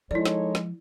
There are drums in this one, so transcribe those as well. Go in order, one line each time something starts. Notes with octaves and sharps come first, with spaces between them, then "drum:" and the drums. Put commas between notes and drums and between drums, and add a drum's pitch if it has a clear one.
F3 G#3 D#4 E4 A4 C#5 D5
drum: snare
drum: snare